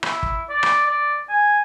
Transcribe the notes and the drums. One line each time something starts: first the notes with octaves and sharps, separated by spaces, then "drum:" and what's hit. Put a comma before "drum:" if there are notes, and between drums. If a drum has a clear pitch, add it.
E4, drum: rim click
drum: kick
D5
drum: rim click
D5
G#5